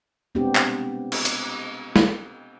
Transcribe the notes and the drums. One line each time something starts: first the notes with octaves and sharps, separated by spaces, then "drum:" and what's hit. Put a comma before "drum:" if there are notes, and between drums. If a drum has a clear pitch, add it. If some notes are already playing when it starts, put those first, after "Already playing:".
G#3 B3 C4 D4 G4
drum: clap
drum: cymbal
drum: hi-hat
drum: snare